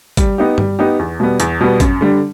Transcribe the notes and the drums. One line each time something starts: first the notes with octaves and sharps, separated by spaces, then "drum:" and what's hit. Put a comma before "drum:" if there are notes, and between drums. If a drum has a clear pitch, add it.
G3, drum: kick G#1, hi-hat
B3 D#4 G4
G3, drum: tom G2
B3 D#4 G4
E2
B2 G3 B3
E2, drum: hi-hat
B2 G3 B3
F#2, drum: kick G#1, hi-hat
D3 G3